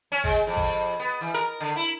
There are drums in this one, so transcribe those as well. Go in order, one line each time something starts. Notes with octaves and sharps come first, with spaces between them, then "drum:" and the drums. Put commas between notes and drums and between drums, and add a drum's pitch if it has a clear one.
C#4
G#3, drum: kick G#1
F2
drum: kick G#1
B3
E3
A#4
D3
E4